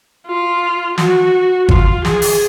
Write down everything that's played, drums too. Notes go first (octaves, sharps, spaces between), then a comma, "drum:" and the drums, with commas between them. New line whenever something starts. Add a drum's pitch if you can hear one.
F4
F#4, drum: snare
F4, drum: kick
G#4, drum: snare
drum: open hi-hat